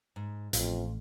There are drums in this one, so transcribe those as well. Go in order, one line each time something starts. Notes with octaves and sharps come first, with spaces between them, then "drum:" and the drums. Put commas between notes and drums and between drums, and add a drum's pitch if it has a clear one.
G#2
A1 F2 F4, drum: hi-hat